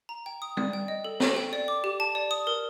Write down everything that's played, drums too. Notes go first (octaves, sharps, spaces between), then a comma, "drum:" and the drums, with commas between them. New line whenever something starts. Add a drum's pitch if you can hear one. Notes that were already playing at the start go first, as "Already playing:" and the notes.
A#5
G5
D#6
D5, drum: tom G3
G5
D#5
A4
A4, drum: snare
G5
D5
D6
G4
A5
D5
D#6
A#4